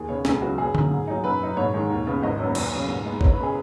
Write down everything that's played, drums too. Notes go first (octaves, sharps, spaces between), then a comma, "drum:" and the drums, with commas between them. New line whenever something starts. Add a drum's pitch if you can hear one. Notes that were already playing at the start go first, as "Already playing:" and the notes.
Already playing: D#2 G#4
C#3 B3 C#5
C#2 G#4, drum: snare
C#3 F#3 B3 F#4
F#2 G#4
C#3 F#3 D#4, drum: tom D3
G#2
F#3 D#4
F#2 B4
F#3 D#4
G#2 C#5
D#3 G#3
D#2
C#3 B3
G#1 D#5
F#2 F#3 B3
D#2, drum: cymbal
C#3 F#3 B3
G#2
G#3 B3 D#4
F#1 C#5, drum: kick G#1
B4
C#3 B3 G#4